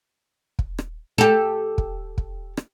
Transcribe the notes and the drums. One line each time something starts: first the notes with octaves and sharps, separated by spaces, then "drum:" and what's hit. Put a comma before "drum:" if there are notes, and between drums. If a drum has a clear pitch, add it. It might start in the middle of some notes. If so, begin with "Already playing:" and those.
drum: kick
drum: rim click
G4 A4
drum: kick
drum: kick
drum: rim click